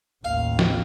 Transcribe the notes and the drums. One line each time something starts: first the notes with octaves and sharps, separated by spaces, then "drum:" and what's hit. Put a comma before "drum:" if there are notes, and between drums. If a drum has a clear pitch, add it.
A1 D#2 F5
drum: snare